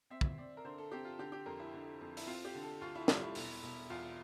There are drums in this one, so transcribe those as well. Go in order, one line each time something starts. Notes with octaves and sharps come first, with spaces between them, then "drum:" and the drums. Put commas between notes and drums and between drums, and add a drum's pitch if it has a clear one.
C4 E5
drum: kick
C4 D5
A#4
D3 C5
A4
C4 G4
F4
D3 G4
G4
F2 A#4
E4
D3
F2
E4, drum: open hi-hat
C4 F4
G4
D3
A4
D2 F4
E4
G3 F4, drum: snare
E4
E1, drum: open hi-hat
E1
E2 F4